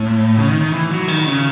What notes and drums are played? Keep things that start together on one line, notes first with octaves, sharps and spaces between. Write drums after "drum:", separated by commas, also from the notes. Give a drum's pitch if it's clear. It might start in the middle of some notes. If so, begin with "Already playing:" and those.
Already playing: A2
C#3
D#3
D#3
E3
F#3
D#3, drum: cymbal
C#3